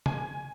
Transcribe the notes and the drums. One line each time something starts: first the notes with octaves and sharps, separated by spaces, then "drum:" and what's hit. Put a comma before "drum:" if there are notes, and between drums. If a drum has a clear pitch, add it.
G#5, drum: tom C#3